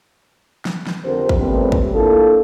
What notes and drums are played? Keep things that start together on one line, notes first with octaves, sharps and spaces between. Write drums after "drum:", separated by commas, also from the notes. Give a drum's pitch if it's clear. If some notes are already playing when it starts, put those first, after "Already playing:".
drum: snare
drum: snare
F2 D3 G4 A#4 C5
drum: kick
A#2 C#3 G3 A3 B3 C4
drum: kick
A#3 D4 E4 F4 A4